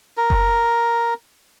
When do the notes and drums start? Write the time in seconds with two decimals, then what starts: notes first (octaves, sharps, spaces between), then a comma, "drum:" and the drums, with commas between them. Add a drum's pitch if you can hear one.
0.17 A#4
0.30 drum: kick F#1